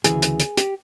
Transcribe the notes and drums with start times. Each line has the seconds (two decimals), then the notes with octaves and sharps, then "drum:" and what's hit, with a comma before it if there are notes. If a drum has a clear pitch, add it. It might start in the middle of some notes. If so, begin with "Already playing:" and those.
0.04 D2 C#3 E3 G#4, drum: hi-hat
0.22 drum: hi-hat
0.40 drum: hi-hat
0.57 G4, drum: hi-hat